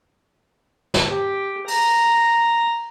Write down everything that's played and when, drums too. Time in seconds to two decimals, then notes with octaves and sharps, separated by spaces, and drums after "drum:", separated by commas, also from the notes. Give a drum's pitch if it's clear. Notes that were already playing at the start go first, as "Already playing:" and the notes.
0.94 drum: snare
1.07 G4
1.68 A#5, drum: open hi-hat